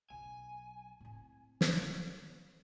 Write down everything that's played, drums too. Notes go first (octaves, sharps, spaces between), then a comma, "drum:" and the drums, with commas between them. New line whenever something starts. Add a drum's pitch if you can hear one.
B1 F#3 G#5
A2 C4
drum: snare